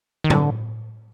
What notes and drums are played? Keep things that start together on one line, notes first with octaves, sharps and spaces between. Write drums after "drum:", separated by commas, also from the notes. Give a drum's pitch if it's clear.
D#3
D3, drum: tom A2